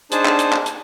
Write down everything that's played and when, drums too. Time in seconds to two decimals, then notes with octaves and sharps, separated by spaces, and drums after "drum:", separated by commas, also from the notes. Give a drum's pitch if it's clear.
0.12 D4 D#4 G#4 C5 A5, drum: hi-hat
0.25 drum: clap
0.39 drum: hi-hat
0.52 drum: clap
0.66 drum: hi-hat